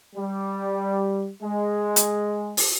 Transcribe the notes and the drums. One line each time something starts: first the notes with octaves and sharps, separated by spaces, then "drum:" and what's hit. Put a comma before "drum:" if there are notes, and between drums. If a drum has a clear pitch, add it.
G3
G#3
drum: hi-hat
drum: open hi-hat